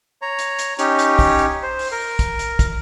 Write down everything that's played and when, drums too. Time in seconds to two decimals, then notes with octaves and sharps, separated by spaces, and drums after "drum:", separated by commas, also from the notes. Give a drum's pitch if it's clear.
0.22 C#5 A#5
0.39 drum: hi-hat
0.59 drum: hi-hat
0.79 C#4 D#4 G4 C#5, drum: hi-hat
0.99 drum: hi-hat
1.19 drum: kick, open hi-hat
1.39 drum: hi-hat
1.63 C5
1.79 drum: open hi-hat
1.92 A#4
2.19 drum: kick, hi-hat
2.39 drum: hi-hat
2.59 drum: kick, hi-hat